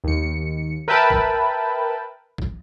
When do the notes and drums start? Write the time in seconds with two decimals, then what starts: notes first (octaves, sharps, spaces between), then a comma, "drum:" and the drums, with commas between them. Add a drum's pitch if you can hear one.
0.04 D#2 C#7
0.88 A#4 B4 E5 G5 A5 B5
1.10 drum: kick A#1
2.38 drum: kick A#1